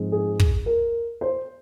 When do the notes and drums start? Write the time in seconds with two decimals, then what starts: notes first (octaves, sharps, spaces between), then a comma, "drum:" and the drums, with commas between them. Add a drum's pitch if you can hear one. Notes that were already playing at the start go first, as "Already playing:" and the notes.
Already playing: G#2 F3 G#3 C4
0.12 G#4
0.39 drum: kick
0.66 A#4
1.21 C5